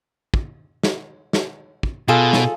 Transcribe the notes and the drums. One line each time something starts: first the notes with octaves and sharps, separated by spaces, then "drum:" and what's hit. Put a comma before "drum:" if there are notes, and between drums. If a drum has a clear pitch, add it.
drum: kick
drum: snare
drum: snare
drum: kick
B2 F4 G#4 A4
drum: snare